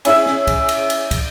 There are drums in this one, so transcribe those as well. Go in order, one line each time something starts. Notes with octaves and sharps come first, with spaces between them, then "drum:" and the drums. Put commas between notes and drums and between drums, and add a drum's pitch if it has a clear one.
C#4 E4 G#4 E5, drum: cymbal
drum: snare
drum: kick, cymbal
drum: cymbal
drum: cymbal
drum: kick, cymbal